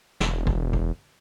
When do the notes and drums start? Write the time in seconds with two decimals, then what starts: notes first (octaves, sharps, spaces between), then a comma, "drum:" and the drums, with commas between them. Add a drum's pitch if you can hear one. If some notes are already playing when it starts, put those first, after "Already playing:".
0.20 E1, drum: snare
0.47 drum: kick
0.73 drum: kick